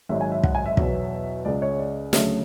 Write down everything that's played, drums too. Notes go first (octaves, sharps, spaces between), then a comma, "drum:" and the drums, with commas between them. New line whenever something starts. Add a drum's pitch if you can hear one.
G#1 G#2 F#3 E5
G#5
E5
F#5, drum: kick
G#5
E5
E2 B2 F#3, drum: kick
C#2 C#3 G#3 D5
C#5
D5
D2 C#3 F#3 A3 E5, drum: snare